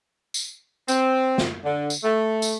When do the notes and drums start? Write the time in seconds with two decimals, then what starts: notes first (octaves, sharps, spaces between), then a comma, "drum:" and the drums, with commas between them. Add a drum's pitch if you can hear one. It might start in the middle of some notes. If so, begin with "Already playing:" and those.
0.34 drum: tambourine
0.88 C4, drum: tambourine
1.38 drum: snare
1.64 D3
1.90 drum: tambourine
2.03 A3
2.42 drum: tambourine